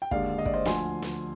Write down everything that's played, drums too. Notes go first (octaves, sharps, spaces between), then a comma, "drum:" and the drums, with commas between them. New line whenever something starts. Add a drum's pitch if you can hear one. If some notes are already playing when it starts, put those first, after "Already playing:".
G5
D#2 D3 G#3 D5 F5, drum: kick
D#5
D5, drum: kick
C5 D#5
D2 D3 F3 G#5 C6, drum: snare
drum: snare